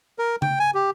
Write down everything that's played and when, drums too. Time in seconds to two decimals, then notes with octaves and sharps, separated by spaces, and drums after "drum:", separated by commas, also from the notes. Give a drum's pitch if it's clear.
0.19 A#4
0.42 G5, drum: tom C#3
0.59 G#5
0.75 G4